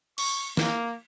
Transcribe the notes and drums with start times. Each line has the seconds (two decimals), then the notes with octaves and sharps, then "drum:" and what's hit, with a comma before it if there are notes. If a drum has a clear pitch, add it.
0.18 C#6, drum: cymbal
0.57 A#3, drum: snare